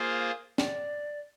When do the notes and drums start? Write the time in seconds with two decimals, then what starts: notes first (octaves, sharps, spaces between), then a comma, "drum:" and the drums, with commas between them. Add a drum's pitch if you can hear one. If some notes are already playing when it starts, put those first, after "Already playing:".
Already playing: A#3 F4 G#4 C5 F5
0.58 D5, drum: snare